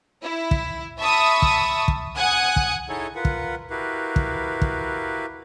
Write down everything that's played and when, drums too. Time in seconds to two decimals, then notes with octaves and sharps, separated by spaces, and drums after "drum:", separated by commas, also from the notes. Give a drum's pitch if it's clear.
0.22 E4
0.51 drum: kick
0.99 E5 A5 B5 C#6 D#6 E6
1.42 drum: kick
1.88 drum: kick
2.16 F#5 G#5 D#6 F#6 G#6
2.56 drum: kick
2.89 D#4 E4 G#4 A4 C#5 D#5
3.15 F4 A#4 B4 F#5
3.25 drum: kick
3.70 E4 F#4 G4 A#4 B4 F5
4.16 drum: kick
4.62 drum: kick